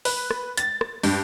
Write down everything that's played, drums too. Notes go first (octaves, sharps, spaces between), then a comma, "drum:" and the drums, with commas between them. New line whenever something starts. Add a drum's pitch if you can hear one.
B4, drum: open hi-hat
drum: rim click
A6, drum: hi-hat
drum: rim click
G2, drum: open hi-hat